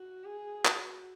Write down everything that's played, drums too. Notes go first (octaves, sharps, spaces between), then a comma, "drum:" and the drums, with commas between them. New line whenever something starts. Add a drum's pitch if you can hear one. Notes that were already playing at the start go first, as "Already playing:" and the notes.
Already playing: F#4
G#4
F#4, drum: clap